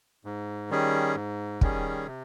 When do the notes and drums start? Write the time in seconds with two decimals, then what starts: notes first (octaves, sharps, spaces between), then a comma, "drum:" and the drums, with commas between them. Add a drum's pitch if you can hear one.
0.25 G#2
0.70 D#3 G3 C#4 G#4
1.15 G#2
1.61 D#3 G3 C#4 G#4, drum: kick
2.06 C3